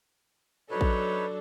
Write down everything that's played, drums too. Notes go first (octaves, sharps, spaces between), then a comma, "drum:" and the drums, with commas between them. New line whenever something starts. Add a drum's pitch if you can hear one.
F#3 D4 D#4 A4 B4 C#5
drum: kick A1